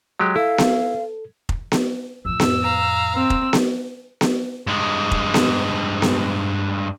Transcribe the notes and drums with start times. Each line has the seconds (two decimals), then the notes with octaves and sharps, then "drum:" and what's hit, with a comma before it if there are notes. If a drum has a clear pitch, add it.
0.20 F#3 G#3 G4
0.36 E4 A4 F5
0.58 drum: snare B3
1.49 drum: kick F1
1.72 drum: snare B3
2.25 F2 A2 E6
2.40 drum: snare B3
2.62 F5 A#5
3.15 C4 E6
3.30 drum: kick F1
3.53 drum: snare B3
4.21 drum: snare B3
4.67 G2 G#3
5.11 drum: kick F1
5.34 drum: snare B3
6.02 drum: snare B3